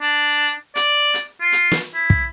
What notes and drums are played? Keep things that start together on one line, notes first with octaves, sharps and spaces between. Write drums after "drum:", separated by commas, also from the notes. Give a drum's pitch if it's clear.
D4
D5, drum: hi-hat
drum: hi-hat
F4
drum: hi-hat
drum: snare
E4
drum: kick